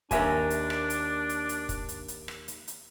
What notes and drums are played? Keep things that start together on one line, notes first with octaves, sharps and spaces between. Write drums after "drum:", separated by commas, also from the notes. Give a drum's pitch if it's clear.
D#2 D4 A#4 E5 G#5, drum: kick, hi-hat
drum: hi-hat
drum: rim click
drum: hi-hat
drum: hi-hat
drum: hi-hat
drum: kick, hi-hat
drum: hi-hat
drum: hi-hat
drum: rim click
drum: hi-hat
drum: hi-hat